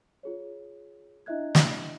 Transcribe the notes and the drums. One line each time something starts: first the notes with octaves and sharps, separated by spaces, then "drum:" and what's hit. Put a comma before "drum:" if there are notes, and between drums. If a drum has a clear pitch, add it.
F4 G#4 C#5
D4 E4 D#5 E5 F#6 G#6
drum: snare